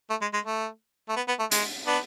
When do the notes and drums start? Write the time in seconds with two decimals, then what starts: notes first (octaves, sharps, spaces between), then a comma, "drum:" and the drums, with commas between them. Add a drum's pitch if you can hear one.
0.10 A3
0.21 G#3
0.34 G#3
0.45 A3
1.09 A3
1.16 B3
1.28 B3
1.40 A3
1.51 G#3, drum: hi-hat
1.87 B3 D4